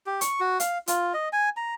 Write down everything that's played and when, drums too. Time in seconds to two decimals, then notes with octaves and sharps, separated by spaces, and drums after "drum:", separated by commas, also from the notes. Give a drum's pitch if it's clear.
0.07 G4
0.21 C#6, drum: hi-hat
0.40 F#4
0.60 F5, drum: hi-hat
0.88 F4, drum: hi-hat
1.14 D#5
1.33 G#5
1.57 A#5